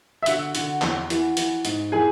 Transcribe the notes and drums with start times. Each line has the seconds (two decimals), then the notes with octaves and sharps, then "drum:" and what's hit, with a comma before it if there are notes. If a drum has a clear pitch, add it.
0.23 E5
0.26 D3 F#4 F#5, drum: hi-hat
0.55 D3, drum: hi-hat
0.82 E2, drum: clap
1.10 E3, drum: hi-hat
1.37 E3, drum: hi-hat
1.65 G#2, drum: hi-hat
1.92 E3 G#4 G#5